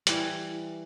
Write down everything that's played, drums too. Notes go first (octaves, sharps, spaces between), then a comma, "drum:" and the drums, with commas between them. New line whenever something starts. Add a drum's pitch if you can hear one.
E3 G3, drum: hi-hat